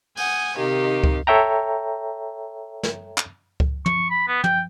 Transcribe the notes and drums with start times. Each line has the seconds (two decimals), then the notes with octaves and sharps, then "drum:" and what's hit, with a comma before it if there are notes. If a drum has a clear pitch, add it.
0.17 F#5 G#5 D#6 G6, drum: open hi-hat
0.57 C3 D#3 D#4 G4 F5
1.04 drum: kick C#2
1.27 A4 C#5 E5 G5 A#5
2.83 drum: snare
3.18 drum: clap
3.60 drum: kick C#2
3.86 C#6, drum: tom
4.10 B5
4.28 B3
4.44 G5, drum: tom